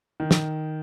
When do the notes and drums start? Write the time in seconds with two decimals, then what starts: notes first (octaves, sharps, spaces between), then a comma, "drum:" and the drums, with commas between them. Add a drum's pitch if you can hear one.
0.20 D#3
0.31 drum: snare